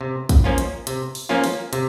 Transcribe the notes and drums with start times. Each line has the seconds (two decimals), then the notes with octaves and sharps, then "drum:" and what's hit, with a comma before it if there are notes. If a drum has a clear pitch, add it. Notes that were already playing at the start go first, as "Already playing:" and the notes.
0.01 C3
0.29 drum: kick, hi-hat
0.44 F3 A#3 C#4 F4
0.58 drum: hi-hat
0.87 C3, drum: hi-hat
1.15 drum: open hi-hat
1.29 F3 A#3 C#4 F4
1.44 drum: open hi-hat
1.73 C3, drum: hi-hat